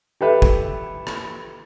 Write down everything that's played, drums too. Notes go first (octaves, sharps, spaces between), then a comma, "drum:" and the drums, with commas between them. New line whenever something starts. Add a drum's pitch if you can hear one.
G4 A4 B4 E5
drum: kick
drum: rim click